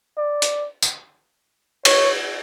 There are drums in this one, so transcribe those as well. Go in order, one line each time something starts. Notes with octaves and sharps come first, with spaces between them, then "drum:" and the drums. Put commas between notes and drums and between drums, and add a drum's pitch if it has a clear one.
D5
drum: hi-hat
drum: tambourine
C#5, drum: cymbal